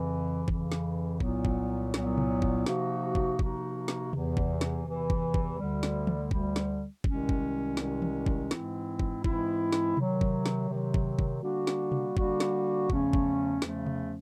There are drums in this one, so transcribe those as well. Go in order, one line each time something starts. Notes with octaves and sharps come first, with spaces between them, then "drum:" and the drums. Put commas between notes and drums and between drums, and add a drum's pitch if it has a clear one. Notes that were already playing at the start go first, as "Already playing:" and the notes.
Already playing: F2 C#3 E3
F2 C#3 E3, drum: kick
drum: snare
C2 A#2 F#3 B3, drum: kick
drum: kick
C2 A#2 F#3 B3, drum: snare
drum: tom C3
drum: kick
C3 F3 A#3 D#4 F#4, drum: snare
drum: kick
C3 F3 A#3 D#4 F#4, drum: kick
drum: snare
E2 C3 E3, drum: tom C3
drum: kick
drum: snare
E2 C3 E3
drum: kick
drum: kick
D2 D3 G3
drum: snare
drum: tom
D2 D3 G3, drum: kick
drum: snare
C2 C3 D#3 G#3 C#4, drum: kick
drum: kick
C2 C3 D#3 G#3 C#4, drum: snare
drum: tom
drum: kick
G#2 E3 G#3 C4 E4, drum: snare
drum: kick
G#2 E3 G#3 C4 E4, drum: kick
drum: snare
C3 D#3 F#3, drum: tom C3
drum: kick
drum: snare
C3 D#3 F#3
drum: kick
drum: kick
D3 G3 A#3 D4 F#4
drum: snare
drum: tom C3
D3 G3 A#3 D4 F#4, drum: kick
drum: snare
E2 C#3 F3 A3 C#4, drum: kick
drum: kick
E2 C#3 F3 A3 C#4, drum: snare
drum: tom C3